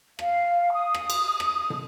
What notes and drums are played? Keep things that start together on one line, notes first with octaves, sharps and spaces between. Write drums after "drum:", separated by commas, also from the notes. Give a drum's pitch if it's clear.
F5, drum: rim click
D#6
drum: rim click
drum: cymbal
drum: rim click
drum: tom